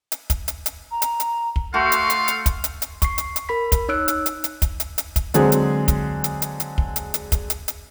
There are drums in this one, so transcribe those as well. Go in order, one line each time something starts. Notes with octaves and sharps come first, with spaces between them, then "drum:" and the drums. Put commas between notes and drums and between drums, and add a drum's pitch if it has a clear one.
drum: hi-hat
drum: kick, hi-hat
drum: hi-hat
drum: hi-hat
A#5
drum: hi-hat
drum: hi-hat
drum: kick
A3 F#4 A4 F5 C6
drum: hi-hat
drum: hi-hat
drum: hi-hat
drum: kick, hi-hat
drum: hi-hat
drum: hi-hat
C#6 C7, drum: kick, hi-hat
drum: hi-hat
drum: hi-hat
A#4 B5 B6
drum: kick, hi-hat
D#4 C#5 E6 F#6 D7
drum: hi-hat
drum: hi-hat
drum: hi-hat
drum: kick, hi-hat
drum: hi-hat
drum: hi-hat
drum: kick, hi-hat
D3 F#3 G#3 C4 G#4, drum: hi-hat
drum: hi-hat
drum: kick, hi-hat
drum: hi-hat
drum: hi-hat
drum: hi-hat
drum: kick
drum: hi-hat
drum: hi-hat
drum: kick, hi-hat
drum: hi-hat
drum: hi-hat